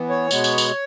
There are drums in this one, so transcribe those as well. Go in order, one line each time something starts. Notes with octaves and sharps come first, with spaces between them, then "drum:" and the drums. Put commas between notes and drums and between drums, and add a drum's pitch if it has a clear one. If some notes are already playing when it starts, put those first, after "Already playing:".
Already playing: E3 B3
C#5
B2 G#3 B3, drum: tambourine
drum: tambourine
drum: tambourine